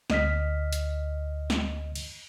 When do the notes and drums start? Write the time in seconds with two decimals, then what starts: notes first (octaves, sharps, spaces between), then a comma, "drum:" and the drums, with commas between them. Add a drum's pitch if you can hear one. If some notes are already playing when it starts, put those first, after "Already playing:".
0.10 D2 D#5 F6 B6, drum: snare
0.73 drum: hi-hat
1.50 drum: snare
1.96 drum: cymbal